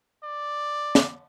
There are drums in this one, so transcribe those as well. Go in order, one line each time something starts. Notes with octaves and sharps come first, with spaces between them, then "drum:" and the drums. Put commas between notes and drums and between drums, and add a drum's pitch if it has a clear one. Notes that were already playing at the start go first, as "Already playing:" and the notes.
D5
drum: snare